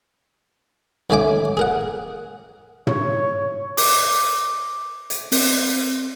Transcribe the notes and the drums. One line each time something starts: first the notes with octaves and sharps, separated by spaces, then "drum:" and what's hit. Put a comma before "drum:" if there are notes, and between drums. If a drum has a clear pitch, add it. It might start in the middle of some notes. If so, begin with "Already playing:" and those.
D#2 G#3 A3 C#4 G#5 D6
G#4 A#4 F#5
C#5, drum: tom
D6, drum: open hi-hat
drum: hi-hat
C4, drum: open hi-hat